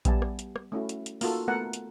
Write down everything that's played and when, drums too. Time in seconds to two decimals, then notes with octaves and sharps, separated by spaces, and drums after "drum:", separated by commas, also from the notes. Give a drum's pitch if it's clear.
0.05 G3 B3 D5 E5 G#5 A5, drum: kick A#1, hi-hat
0.22 drum: rim click
0.39 drum: hi-hat
0.56 drum: rim click
0.72 A3 C#4 E4 F#4
0.89 drum: hi-hat
1.06 drum: hi-hat
1.21 A#3 D#4 F4 F#4 A4, drum: open hi-hat
1.48 A3 B3 A#4 F#5 A5
1.73 drum: hi-hat